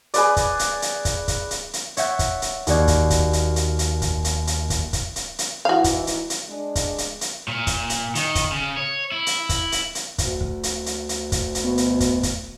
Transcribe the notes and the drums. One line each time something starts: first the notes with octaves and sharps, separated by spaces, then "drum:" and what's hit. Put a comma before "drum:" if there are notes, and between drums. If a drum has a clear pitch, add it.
G#4 B4 D5, drum: hi-hat
drum: kick, hi-hat
drum: hi-hat
drum: hi-hat
drum: kick, hi-hat
drum: kick, hi-hat
drum: hi-hat
drum: hi-hat
C#5 E5 F#5 G6 A6, drum: hi-hat
drum: kick, hi-hat
drum: hi-hat
D#2 F#4 D5 G#6, drum: hi-hat
drum: kick, hi-hat
drum: kick, hi-hat
drum: hi-hat
drum: hi-hat
drum: hi-hat
drum: kick, hi-hat
drum: hi-hat
drum: hi-hat
drum: kick, hi-hat
drum: kick, hi-hat
drum: hi-hat
drum: hi-hat
G#2 E3 E4 F#4 F5
drum: kick, hi-hat
drum: hi-hat
drum: hi-hat
G#3 D4
drum: kick, hi-hat
drum: hi-hat
drum: hi-hat
A#2
drum: kick, hi-hat
drum: hi-hat
D#3, drum: hi-hat
drum: kick, hi-hat
C#3
C#5
E4
drum: hi-hat
drum: kick, hi-hat
drum: hi-hat
drum: hi-hat
D2, drum: kick, hi-hat
drum: kick
drum: hi-hat
drum: hi-hat
drum: hi-hat
drum: kick, hi-hat
drum: hi-hat
B2
drum: hi-hat
drum: kick, hi-hat
drum: kick, hi-hat